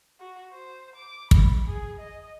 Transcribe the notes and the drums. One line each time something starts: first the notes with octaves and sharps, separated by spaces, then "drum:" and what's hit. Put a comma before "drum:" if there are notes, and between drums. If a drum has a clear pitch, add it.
F#4
C5
D6
B5, drum: kick
G#4
D#5